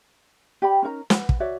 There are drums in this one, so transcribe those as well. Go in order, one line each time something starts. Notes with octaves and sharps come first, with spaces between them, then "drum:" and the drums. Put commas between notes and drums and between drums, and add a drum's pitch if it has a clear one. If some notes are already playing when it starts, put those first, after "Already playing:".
G4 D5 G5 B5
C#4 D#4 A#4 A#5
B4 F#5, drum: snare
drum: kick
F#4 C#5 D5 E5